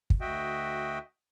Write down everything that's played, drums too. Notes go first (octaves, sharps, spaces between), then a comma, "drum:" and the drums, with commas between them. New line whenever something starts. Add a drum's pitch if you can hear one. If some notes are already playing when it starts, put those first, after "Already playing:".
drum: kick
D2 F#4 D#5 E5 G5